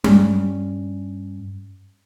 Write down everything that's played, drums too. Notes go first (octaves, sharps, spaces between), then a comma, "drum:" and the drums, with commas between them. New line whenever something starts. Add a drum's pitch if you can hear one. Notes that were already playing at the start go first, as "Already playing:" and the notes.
G2 G3 C#4, drum: tom G3